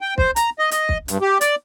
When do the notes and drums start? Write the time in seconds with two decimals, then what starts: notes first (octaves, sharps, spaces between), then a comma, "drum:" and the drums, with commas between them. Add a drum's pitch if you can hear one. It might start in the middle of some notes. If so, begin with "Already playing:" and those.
0.01 G5
0.18 C5, drum: kick
0.36 A#5, drum: hi-hat
0.59 D#5
0.71 D#5, drum: hi-hat
0.89 drum: kick
1.08 G2, drum: hi-hat
1.21 G4
1.41 D5, drum: hi-hat